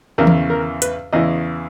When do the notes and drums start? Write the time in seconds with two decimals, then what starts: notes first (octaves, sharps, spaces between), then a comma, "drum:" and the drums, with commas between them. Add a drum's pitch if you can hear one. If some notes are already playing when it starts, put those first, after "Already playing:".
0.18 E2 C#3 E3 A#4
0.27 drum: tom D#3
0.50 A#4
0.82 B4, drum: hi-hat
1.13 E2 C#3 E3 D#5